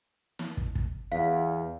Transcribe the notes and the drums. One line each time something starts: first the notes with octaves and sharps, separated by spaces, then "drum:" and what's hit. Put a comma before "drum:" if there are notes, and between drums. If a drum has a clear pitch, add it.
drum: snare
drum: kick
drum: kick
E2 F5